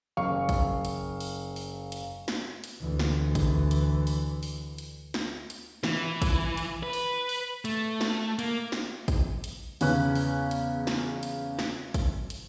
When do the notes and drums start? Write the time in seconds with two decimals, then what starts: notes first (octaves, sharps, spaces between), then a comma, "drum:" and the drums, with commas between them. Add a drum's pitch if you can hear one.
0.17 F#1 F5 C#6
0.49 drum: kick, hi-hat
0.85 drum: hi-hat
1.20 drum: open hi-hat
1.56 drum: open hi-hat
1.92 drum: hi-hat
2.28 drum: snare
2.64 drum: hi-hat
2.81 D2 E3
2.99 drum: snare
3.35 drum: kick, hi-hat
3.71 drum: hi-hat
4.07 drum: open hi-hat
4.43 drum: open hi-hat
4.78 drum: hi-hat
5.14 drum: snare
5.50 drum: hi-hat
5.84 E3, drum: snare
6.22 drum: kick, hi-hat
6.57 drum: hi-hat
6.83 B4
6.93 drum: open hi-hat
7.29 drum: open hi-hat
7.65 A3, drum: hi-hat
8.01 drum: snare
8.39 A#3, drum: hi-hat
8.72 drum: snare
9.08 drum: kick, hi-hat
9.44 drum: hi-hat
9.81 E2 C#3 C#4 F#6, drum: open hi-hat
10.15 drum: open hi-hat
10.51 drum: hi-hat
10.87 drum: snare
11.23 drum: hi-hat
11.59 drum: snare
11.94 drum: kick, hi-hat
12.30 drum: hi-hat